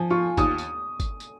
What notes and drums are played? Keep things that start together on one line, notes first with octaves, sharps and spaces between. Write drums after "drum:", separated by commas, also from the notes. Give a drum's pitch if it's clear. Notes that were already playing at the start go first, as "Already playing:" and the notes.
Already playing: F3 G#5
F4 C#6
D#2 D#6, drum: kick G1, tambourine
drum: tambourine
drum: kick G1, tambourine
drum: tambourine